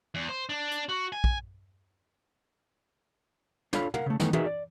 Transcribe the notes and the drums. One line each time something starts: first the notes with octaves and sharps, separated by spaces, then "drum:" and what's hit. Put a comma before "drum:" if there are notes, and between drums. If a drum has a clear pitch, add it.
E2
C5
D4
drum: hi-hat
F#4
G#5
drum: kick
D4 F4 A4 C#5 F5 B5, drum: snare
A#4 F5 F#5, drum: tom
C#3 A3
D#3 E3 A3 B3 D#4, drum: snare
D#4 F#4 G#4 A#4 B4 E5, drum: tom
D5